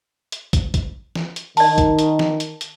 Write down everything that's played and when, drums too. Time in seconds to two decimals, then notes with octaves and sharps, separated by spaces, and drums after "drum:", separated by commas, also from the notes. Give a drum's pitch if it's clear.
0.32 drum: hi-hat
0.53 drum: kick, hi-hat
0.74 drum: kick, hi-hat
1.15 drum: snare
1.36 drum: hi-hat
1.57 D#3 D5 A5, drum: open hi-hat
1.78 drum: kick, hi-hat
1.99 drum: hi-hat
2.19 drum: snare
2.40 drum: hi-hat
2.61 drum: hi-hat